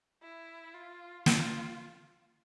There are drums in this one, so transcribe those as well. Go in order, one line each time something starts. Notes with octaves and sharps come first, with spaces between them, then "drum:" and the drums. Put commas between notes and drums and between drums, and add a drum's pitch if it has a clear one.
E4
F4
F4, drum: snare